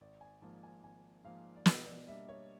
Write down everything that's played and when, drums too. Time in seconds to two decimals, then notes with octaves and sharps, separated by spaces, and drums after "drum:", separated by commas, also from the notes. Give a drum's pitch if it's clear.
0.01 G#1 D5
0.21 G#5
0.42 G#2 F3 A#3 A5
0.63 G#5
0.83 G#1 G#5
1.24 G#2 F3 A#3 F5
1.56 D5
1.66 B2 D#5, drum: snare
1.86 D5
2.07 G3 A#3 D4 E5
2.28 C#5